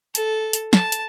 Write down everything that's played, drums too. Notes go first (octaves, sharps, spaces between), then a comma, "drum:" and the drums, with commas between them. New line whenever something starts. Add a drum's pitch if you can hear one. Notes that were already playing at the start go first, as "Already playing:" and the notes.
A4, drum: hi-hat
drum: hi-hat
A5, drum: snare
drum: hi-hat